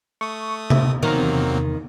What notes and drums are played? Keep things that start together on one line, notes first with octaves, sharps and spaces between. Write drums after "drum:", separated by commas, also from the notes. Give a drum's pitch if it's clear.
A3 C#6 D#6
E5, drum: tom C3
D#3 F#3 A#3 C4
E2 C3